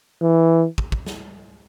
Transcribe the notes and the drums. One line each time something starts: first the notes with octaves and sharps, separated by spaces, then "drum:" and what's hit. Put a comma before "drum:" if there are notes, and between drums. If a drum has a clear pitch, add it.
E3
drum: kick
drum: kick
drum: snare